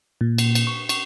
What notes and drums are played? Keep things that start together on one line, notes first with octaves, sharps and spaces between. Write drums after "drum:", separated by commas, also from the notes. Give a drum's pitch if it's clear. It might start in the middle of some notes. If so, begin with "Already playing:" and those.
A#2
drum: cymbal
drum: cymbal
C#6
C#6, drum: cymbal